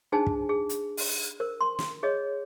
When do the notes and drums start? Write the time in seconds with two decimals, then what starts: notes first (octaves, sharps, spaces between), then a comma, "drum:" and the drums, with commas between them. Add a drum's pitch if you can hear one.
0.12 D4 D#4 G#4 C5 G#5 A5
0.27 drum: kick
0.49 G#4
0.69 drum: hi-hat
0.97 drum: open hi-hat
1.40 A#4 C5
1.61 C6
1.79 drum: snare
2.03 G#4 C#5 D#5